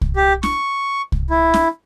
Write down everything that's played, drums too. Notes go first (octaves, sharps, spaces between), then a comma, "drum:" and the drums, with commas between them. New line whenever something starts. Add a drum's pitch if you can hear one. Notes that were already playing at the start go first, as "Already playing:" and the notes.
drum: kick C2
G4
C#6, drum: snare
drum: kick C2
E4
drum: snare